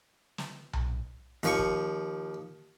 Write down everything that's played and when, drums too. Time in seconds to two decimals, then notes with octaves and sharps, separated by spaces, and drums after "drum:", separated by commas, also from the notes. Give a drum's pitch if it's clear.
0.38 drum: snare
0.73 drum: tom B1
1.43 D#2 F3 C#6, drum: hi-hat
1.59 drum: kick